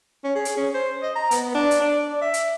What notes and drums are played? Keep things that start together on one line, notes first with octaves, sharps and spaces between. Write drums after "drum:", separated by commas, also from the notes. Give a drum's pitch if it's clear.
C#4
G#4
drum: hi-hat
C#4
C5
D#5
A#5
B3, drum: hi-hat
D4
drum: hi-hat
D5
D5
E5
drum: hi-hat